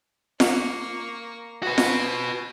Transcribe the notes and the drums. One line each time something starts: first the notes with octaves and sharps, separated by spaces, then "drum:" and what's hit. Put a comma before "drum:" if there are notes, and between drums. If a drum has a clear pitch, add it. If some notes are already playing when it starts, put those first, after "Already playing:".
A#3 C#6, drum: snare F4
F#4 B4 C5 G#5
drum: snare F4